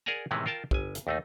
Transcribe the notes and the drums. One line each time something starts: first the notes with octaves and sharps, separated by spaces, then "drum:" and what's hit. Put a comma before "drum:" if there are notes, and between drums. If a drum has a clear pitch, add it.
G#4 A#4 D5 F#5 G#5 A#5
A2 C3 D#3 E3 G#3 B3
F4 A#4 G5 A5
G1 G#5, drum: kick
drum: hi-hat
D#2 A3 D#4